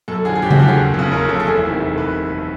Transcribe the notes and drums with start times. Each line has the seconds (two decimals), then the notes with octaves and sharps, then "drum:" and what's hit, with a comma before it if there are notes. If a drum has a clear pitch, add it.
0.08 F#2 A4
0.25 D3 F3 G#4
0.35 G#4
0.42 F#2 G4
0.51 F#4, drum: tom C#3
0.59 D3 F3 G4
0.68 G#4
0.77 F#1
0.94 F2 C#3
1.11 F#1 A#4
1.29 F2 C#3 A4
1.40 A4
1.46 E1 G#4
1.57 E4
1.64 D2 C3 D#3
1.80 E1 A4
1.98 C3 B4